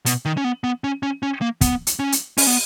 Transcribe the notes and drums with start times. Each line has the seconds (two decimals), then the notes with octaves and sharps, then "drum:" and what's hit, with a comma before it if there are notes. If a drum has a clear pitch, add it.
0.06 B2, drum: hi-hat
0.25 D#3
0.37 C#4
0.44 B3
0.64 B3
0.84 C#4
1.03 C#4
1.23 C#4
1.41 A#3
1.61 B3, drum: kick, hi-hat
1.87 drum: hi-hat
1.99 C#4
2.12 drum: hi-hat
2.38 C#4, drum: open hi-hat
2.47 B3